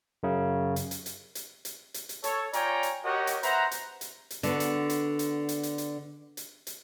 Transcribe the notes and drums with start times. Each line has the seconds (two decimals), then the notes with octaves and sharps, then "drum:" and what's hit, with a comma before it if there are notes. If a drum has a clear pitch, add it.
0.23 F#2 C#3
0.76 drum: hi-hat
0.91 drum: hi-hat
1.06 drum: hi-hat
1.35 drum: hi-hat
1.65 drum: hi-hat
1.94 drum: hi-hat
2.09 drum: hi-hat
2.24 A4 C#5, drum: hi-hat
2.53 F4 C#5 D5 G5 G#5 A#5, drum: hi-hat
2.83 drum: hi-hat
3.05 F#4 G4 A#4 C#5 D#5 F#5
3.27 drum: hi-hat
3.43 B4 C5 E5 F#5 A#5, drum: hi-hat
3.71 drum: hi-hat
4.01 drum: hi-hat
4.30 drum: hi-hat
4.43 D3 B3 F#4, drum: hi-hat
4.60 drum: hi-hat
4.90 drum: hi-hat
5.19 drum: hi-hat
5.49 drum: hi-hat
5.63 drum: hi-hat
5.78 drum: hi-hat
6.37 drum: hi-hat
6.67 drum: hi-hat